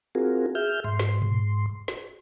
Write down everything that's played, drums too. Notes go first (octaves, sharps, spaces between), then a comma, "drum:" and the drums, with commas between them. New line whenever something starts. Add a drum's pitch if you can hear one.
C4 F4 F#4 G#4 A#4
G#4 E5 F6 G6
G#2 C6
drum: snare
drum: tom A#2
drum: snare